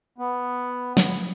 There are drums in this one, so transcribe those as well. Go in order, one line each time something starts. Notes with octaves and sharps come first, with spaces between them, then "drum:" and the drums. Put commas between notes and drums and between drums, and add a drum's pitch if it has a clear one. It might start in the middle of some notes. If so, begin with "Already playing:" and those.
B3
drum: snare